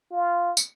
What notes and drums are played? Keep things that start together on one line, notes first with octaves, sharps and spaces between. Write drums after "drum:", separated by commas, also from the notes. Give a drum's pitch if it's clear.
F4
drum: tambourine